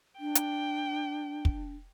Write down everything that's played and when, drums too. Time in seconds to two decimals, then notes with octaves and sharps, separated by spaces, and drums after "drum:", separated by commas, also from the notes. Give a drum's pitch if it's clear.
0.20 D4 G5
0.35 drum: hi-hat
1.45 drum: kick